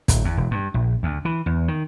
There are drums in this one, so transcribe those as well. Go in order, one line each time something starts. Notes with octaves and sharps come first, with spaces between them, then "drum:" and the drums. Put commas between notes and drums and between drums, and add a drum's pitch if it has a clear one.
D1, drum: kick, hi-hat
E2
E1
G2
A#1
D2
E3
E2
D#3